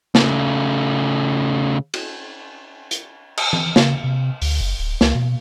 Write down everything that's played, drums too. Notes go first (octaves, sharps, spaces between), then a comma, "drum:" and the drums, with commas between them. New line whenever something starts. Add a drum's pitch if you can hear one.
C#3 A3, drum: snare
drum: cymbal
drum: hi-hat
drum: cymbal
drum: tom E3
C#3, drum: snare
C3
D2, drum: open hi-hat
F#1
D1
C#2, drum: snare
B2